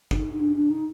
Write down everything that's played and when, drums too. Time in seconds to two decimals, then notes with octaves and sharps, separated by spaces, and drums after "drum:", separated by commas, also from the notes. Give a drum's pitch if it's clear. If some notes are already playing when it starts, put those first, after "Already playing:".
0.11 D4, drum: kick
0.16 D#4
0.33 D#4
0.40 D4
0.56 D4
0.70 D#4